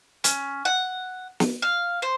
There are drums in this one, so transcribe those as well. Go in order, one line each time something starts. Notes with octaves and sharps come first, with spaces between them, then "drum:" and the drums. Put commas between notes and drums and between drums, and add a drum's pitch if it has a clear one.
C#4, drum: hi-hat
F#5
drum: snare
F5
C5